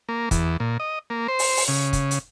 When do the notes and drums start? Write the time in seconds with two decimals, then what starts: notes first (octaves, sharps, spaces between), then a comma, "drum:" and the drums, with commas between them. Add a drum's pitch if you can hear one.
0.09 A#3
0.31 E2, drum: kick, hi-hat
0.60 A#2
0.80 D#5
1.10 A#3
1.28 C5
1.39 drum: open hi-hat
1.57 drum: open hi-hat
1.68 C#3
1.93 drum: kick, hi-hat
2.11 drum: hi-hat